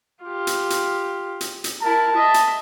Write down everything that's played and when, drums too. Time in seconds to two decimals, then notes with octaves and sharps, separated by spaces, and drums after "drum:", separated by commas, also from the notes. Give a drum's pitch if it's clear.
0.24 F4 G4
0.47 drum: hi-hat
0.70 drum: hi-hat
1.41 drum: hi-hat
1.64 drum: hi-hat
1.83 E4 A#4 A5
2.16 D#5 E5
2.34 drum: hi-hat